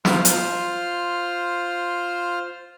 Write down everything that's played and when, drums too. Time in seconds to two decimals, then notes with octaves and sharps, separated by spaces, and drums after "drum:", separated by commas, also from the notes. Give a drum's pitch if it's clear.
0.05 F4 C5 F6, drum: snare
0.25 drum: hi-hat